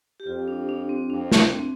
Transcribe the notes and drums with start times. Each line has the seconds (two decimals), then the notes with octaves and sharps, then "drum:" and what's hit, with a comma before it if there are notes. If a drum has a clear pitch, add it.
0.20 G4
0.27 F2 F4
0.48 D4
0.69 D4
0.89 C4
1.10 F2 D4
1.31 C4, drum: snare
1.52 C4